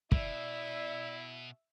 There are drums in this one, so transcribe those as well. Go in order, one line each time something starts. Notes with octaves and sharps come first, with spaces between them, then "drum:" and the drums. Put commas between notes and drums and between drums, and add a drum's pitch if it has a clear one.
B2 E4 D5 E5, drum: kick